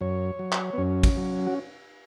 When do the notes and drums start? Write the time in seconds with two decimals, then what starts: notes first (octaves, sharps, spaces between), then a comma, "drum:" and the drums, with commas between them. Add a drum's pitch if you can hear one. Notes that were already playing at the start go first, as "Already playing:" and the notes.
0.01 F#2 C#5
0.39 F#3
0.52 drum: clap
0.73 B3
0.78 F#2 C#4
1.03 drum: kick, cymbal
1.17 F#3
1.47 F#4